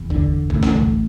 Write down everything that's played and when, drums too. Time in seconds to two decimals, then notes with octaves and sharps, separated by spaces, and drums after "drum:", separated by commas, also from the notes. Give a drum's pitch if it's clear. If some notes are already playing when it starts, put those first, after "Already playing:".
Already playing: F#1 E2
0.10 D3, drum: kick
0.50 A1 A2, drum: kick
0.63 drum: snare
0.76 drum: kick